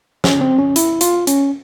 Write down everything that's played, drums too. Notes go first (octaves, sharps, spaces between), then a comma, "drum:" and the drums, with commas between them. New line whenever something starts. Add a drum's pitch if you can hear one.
C#4, drum: snare
C4
C#4
E4, drum: hi-hat
F4, drum: hi-hat
C#4, drum: hi-hat